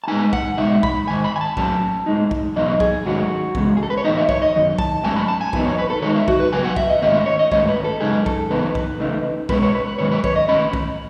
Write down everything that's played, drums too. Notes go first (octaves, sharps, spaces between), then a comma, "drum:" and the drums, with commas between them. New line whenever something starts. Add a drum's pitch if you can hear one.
A5
A2 G#3 B3 D#4 G#5
F#5, drum: kick
B2 G#3 D#4 E5
B5, drum: kick
G#2 D#3 G#5
B5
G#5
A5
A2 F#3 C#4 A5, drum: kick
A2 G#3 D#4
drum: kick
E2 B2 F#3 B3 D#4 D#5
G#4, drum: kick
G#2 D#3 F#3 A3 C#4 F#4
E2 C#3 G#3, drum: kick
G#4
A4
B4
C#5
A2 E3 B3 D#4 D#5
E5
C#5, drum: kick
D#5
F#2 D#3
A5, drum: kick
G#2 F#3 A3 C#4 G#5
B5
A5
G#5
F#2 E3 G#3 B3 D#4, drum: kick
C#5
B4
A4
D#3 G#3 D#4 C#5
E5
F#4, drum: kick
B4
C#3 F#3 B3 G#5
F#5
E5, drum: kick
D#5
G#2 D#3 A3 C#4 E5
D#5
C#5
D#5
G#2 D#3 A3 C#4 C#5, drum: kick
B4
A4
F#2 C#3 G#3 D#4 G#4
A4, drum: kick
F#2 C#3 E3 B3 D#4 B4
drum: kick
C#3 E3 A3 D#4
B2 G#3 C#4 B4, drum: kick
C#5
B4
B4
G#2 D#3 F#3 C#4 C#5
B4
C#5, drum: kick
D#5
D#3 A3 C#4 B5
drum: kick